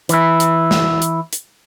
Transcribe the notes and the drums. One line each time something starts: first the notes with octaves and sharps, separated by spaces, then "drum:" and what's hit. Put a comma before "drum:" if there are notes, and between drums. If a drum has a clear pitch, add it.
E3 E4, drum: hi-hat
drum: hi-hat
drum: snare
drum: hi-hat
drum: hi-hat